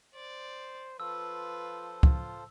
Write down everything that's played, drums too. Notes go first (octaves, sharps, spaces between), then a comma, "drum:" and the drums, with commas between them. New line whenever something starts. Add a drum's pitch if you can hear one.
C5 D5
F3 F4 A4 B4 C5 E6
F4, drum: kick